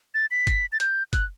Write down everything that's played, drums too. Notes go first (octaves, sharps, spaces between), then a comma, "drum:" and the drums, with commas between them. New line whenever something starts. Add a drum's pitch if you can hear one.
A6
B6
drum: kick, hi-hat
A6
G6, drum: hi-hat
F#6, drum: kick, hi-hat